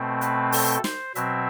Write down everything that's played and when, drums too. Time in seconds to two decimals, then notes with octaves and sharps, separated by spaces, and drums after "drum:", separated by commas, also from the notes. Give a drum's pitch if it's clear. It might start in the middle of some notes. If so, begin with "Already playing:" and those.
Already playing: B2 A3 C4
0.21 B4, drum: hi-hat
0.52 A4, drum: open hi-hat
0.84 C5, drum: snare
1.15 B2 F#3 C4 E5, drum: hi-hat